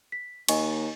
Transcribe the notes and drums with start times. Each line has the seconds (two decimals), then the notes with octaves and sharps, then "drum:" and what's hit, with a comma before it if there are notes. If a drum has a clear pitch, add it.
0.12 B6
0.49 D#2 D#5 G#5 C#6, drum: cymbal